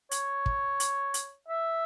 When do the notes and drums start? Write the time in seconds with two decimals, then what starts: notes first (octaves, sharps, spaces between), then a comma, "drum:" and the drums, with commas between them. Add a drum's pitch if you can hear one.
0.11 C#5, drum: hi-hat
0.46 drum: kick
0.80 drum: hi-hat
1.14 drum: hi-hat
1.49 E5